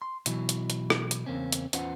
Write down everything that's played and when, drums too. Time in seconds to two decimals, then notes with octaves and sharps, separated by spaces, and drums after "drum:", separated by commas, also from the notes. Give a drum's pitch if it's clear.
0.02 C6
0.26 B2 E3 F#3 E4, drum: hi-hat
0.49 drum: hi-hat
0.70 drum: hi-hat
0.90 drum: rim click
1.11 drum: hi-hat
1.26 E2 C#3 A#3 C4 C#4
1.52 drum: hi-hat
1.73 E2 C#4 F4 B4 C5 F#5, drum: hi-hat